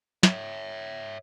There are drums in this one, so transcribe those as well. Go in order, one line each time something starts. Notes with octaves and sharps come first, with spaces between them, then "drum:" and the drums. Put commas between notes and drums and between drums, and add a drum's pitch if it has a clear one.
C#5 E5, drum: snare